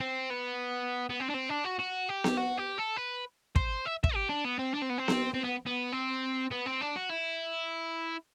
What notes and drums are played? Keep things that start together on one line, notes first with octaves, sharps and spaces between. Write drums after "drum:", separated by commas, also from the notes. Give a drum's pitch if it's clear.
C4
B3
B3
C4
D4
C4
D4
F#4
F#4
G4
drum: snare B3
F#4
G4
A4
B4
C5, drum: kick
E5
E5, drum: kick
G4
D4
B3
C4
D4
C4
B3
C4
drum: snare B3
C4
B3
B3
C4
B3
C4
D4
F#4
E4